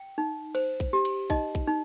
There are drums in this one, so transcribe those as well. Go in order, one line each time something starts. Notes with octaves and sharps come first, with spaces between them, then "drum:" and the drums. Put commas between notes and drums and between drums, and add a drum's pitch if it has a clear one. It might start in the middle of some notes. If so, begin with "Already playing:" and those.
Already playing: G5
D#4
C5, drum: cymbal
drum: kick
G4
drum: cymbal
D#4 D#5, drum: kick
drum: kick
D#4